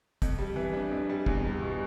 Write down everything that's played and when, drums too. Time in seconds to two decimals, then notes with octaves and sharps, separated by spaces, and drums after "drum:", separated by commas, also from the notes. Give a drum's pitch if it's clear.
0.22 F2, drum: kick, hi-hat
0.39 G3
0.56 E3
0.73 D4
0.91 F2
1.09 G3
1.26 E2, drum: kick
1.45 G3
1.62 B2